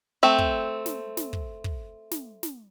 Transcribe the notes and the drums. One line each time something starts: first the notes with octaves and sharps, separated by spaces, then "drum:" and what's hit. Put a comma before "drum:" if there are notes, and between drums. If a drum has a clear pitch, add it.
A3 C4
drum: kick
drum: snare
drum: snare
drum: kick
drum: kick
drum: snare
drum: snare